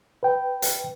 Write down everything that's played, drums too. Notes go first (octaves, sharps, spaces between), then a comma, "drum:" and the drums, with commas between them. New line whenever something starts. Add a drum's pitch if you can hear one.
B4 G5
drum: hi-hat